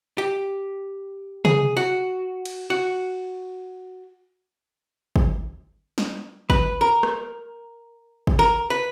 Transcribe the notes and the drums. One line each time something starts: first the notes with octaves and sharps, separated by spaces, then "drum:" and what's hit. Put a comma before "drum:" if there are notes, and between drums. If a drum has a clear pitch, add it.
G4
G#4, drum: tom C3
F#4
drum: cymbal
F#4
drum: kick
drum: snare
B4, drum: kick
A#4
drum: rim click
drum: kick
A#4
B4